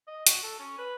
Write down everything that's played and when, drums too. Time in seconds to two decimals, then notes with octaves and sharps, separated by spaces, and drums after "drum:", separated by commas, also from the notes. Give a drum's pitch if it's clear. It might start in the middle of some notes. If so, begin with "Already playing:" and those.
0.08 D#5
0.27 F#4, drum: hi-hat
0.43 A4
0.60 C#4
0.78 B4